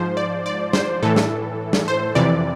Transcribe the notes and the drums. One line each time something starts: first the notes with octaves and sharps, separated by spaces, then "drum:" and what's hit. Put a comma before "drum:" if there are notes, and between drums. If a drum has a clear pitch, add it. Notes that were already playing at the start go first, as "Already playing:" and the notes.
Already playing: G#2 F3 C5
D5
D5
C5, drum: snare
A2 E3 A4
drum: snare
drum: snare
C5
F2 C3 E3 D5